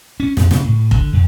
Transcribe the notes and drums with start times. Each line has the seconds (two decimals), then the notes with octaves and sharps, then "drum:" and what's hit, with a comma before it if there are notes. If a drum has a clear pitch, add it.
0.20 C#4
0.37 F2, drum: snare
0.51 C#3, drum: snare
0.64 A2
0.91 D3, drum: kick F1
1.13 F2